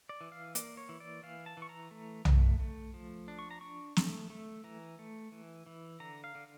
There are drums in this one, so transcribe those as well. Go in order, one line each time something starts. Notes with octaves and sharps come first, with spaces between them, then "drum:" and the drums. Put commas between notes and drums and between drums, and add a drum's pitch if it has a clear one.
D5
E3
F5
A#3 D5, drum: hi-hat
C#5
E3
D5
E3 F5
A5
E3 C#6
A#5
A3
A3, drum: tom B1
A3
F3
D4
C#6
A#5
D4 C#6
A3, drum: snare
A3
E3 A#5
A3
E3
E3
D3 A#5
F5
D3